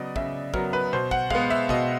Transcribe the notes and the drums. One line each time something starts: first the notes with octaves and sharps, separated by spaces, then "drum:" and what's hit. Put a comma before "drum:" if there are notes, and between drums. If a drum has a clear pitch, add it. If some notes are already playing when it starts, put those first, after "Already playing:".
Already playing: C#3 F#3 B3 D5 D#5
C#3 E5, drum: kick
F#3 B3 A#4, drum: kick
B4
B2 C5
F#5, drum: kick
G#3 B3 F5, drum: kick
E5
B2 D#5, drum: kick